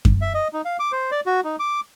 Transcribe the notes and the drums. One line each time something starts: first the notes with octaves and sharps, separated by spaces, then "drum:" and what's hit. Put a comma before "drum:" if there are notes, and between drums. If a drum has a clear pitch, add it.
drum: kick F#2
E5
D#5
D#4
F5
D6
C5
D5
F#4
D#4
D6